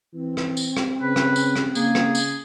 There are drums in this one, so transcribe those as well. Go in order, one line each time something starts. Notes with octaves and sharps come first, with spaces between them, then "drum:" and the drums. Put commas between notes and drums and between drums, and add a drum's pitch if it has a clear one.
E3 C4
drum: rim click
drum: tambourine
drum: rim click
C#3 B4
drum: rim click
drum: tambourine
drum: rim click
C#3 A#3 G#4, drum: tambourine
drum: rim click
drum: tambourine